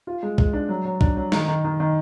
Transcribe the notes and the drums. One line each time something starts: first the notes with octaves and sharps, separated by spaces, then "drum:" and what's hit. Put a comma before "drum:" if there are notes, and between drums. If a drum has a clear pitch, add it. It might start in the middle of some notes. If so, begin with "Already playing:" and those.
F4
G#3
G#3, drum: kick
D4
F#3
F#3
D4, drum: kick
F#3
D#3, drum: snare
D#3
D#3
D#3